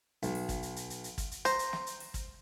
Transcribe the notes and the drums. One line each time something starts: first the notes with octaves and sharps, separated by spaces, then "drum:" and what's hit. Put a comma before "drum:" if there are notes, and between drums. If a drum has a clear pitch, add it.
B1, drum: hi-hat
drum: open hi-hat
drum: kick, hi-hat
drum: hi-hat
drum: hi-hat
drum: hi-hat
drum: hi-hat
drum: kick, hi-hat
drum: hi-hat
C5 A#5, drum: hi-hat
drum: hi-hat
drum: snare
drum: hi-hat
drum: open hi-hat
drum: kick, hi-hat